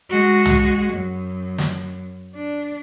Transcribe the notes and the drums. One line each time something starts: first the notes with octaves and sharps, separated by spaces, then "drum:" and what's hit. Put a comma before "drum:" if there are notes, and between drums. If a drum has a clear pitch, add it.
G#3 F#4
drum: tom C2
F#2
drum: snare
D4